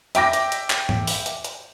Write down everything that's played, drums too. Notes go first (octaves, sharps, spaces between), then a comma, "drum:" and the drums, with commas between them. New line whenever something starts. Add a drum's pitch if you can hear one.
E5 G5 D6 A#6, drum: hi-hat
drum: hi-hat
drum: hi-hat
drum: clap
drum: tom G#2
drum: open hi-hat
drum: hi-hat
drum: hi-hat